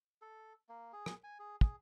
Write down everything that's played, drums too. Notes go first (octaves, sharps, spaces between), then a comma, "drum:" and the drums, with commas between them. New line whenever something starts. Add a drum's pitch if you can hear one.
A4
A#3
G#4
drum: rim click
G#5
G#4
G#4, drum: kick